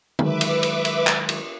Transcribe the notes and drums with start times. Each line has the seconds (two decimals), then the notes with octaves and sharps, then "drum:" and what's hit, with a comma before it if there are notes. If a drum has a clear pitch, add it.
0.19 D#3 F#3 G#3 B4 E5 D6, drum: tom
0.41 drum: cymbal
0.63 drum: cymbal
0.85 drum: cymbal
1.07 drum: clap
1.29 drum: cymbal